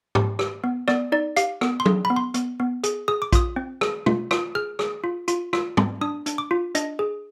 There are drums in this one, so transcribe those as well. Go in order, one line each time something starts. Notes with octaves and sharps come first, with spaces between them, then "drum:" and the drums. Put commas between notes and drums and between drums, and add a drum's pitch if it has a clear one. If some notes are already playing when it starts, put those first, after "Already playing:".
G4, drum: tom G#2
G4, drum: rim click
B3
B3 D5, drum: rim click
D#4 D5
G4 F5, drum: hi-hat
B3, drum: rim click
C6
G#4, drum: tom F#3
B5
B3
C6
B3, drum: hi-hat
B3
G#4, drum: hi-hat
G#4 D#6
D6
F4 D#6, drum: kick A#1, hi-hat
C4
G#4, drum: rim click
F4, drum: tom
F4, drum: rim click
G#4 F6
G#4, drum: rim click
F4
F4, drum: hi-hat
F4, drum: rim click
C4, drum: tom
D4 D#6
D4, drum: hi-hat
D6
F4
D4 D#5, drum: hi-hat
G#4